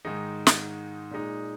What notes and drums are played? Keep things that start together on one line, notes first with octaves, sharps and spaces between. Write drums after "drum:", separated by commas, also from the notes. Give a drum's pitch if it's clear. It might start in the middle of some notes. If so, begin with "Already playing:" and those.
G#2 D#3 G#3 D#4
drum: snare
A#2 G#3 D#4